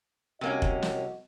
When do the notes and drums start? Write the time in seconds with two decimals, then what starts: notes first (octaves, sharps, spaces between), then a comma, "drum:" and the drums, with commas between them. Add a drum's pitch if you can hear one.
0.41 C2 C3 A#3 C#4 F#4 D#5
0.62 drum: kick F1
0.82 drum: snare